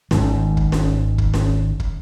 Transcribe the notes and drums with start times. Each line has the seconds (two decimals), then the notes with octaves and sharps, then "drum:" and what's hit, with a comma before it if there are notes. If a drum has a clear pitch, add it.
0.11 G#1 G#2 D#3, drum: snare C#4
0.57 drum: kick
0.72 drum: snare C#4
1.18 drum: kick
1.34 drum: snare C#4
1.80 drum: kick